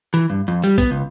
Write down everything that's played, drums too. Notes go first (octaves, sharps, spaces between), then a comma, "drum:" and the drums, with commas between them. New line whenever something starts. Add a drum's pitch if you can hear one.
E3
G2
F2
G3, drum: hi-hat
B3, drum: kick A#1, hi-hat
C#2